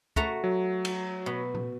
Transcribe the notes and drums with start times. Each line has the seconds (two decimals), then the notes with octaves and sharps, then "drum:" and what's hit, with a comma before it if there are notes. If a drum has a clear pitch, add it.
0.16 A3 F#4 A#5, drum: kick
0.44 F#3
0.85 drum: cymbal
1.26 B2
1.54 drum: tom A#2